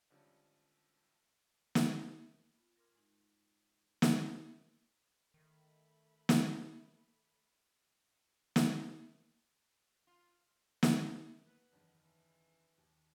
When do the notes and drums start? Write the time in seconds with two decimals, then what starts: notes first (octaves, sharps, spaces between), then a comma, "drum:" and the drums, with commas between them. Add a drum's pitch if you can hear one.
0.10 G#1 D3 F3 G3 C#4
1.75 drum: snare
2.56 B3 F4
2.77 A#4 C6 D6 F6 G#6
2.93 G#2 G#3 D#4
4.02 drum: snare
4.15 F4 G#4 D5 F#5
5.34 D#3 A3 B5
6.29 drum: snare
8.56 drum: snare
10.07 F4
10.83 drum: snare
11.46 B3
11.72 F#1 E2 D#3
12.04 E3
12.78 D#2